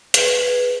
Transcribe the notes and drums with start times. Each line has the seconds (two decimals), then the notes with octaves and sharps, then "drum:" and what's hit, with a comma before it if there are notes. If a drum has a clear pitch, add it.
0.14 G#4 B4, drum: hi-hat
0.42 G#4 B4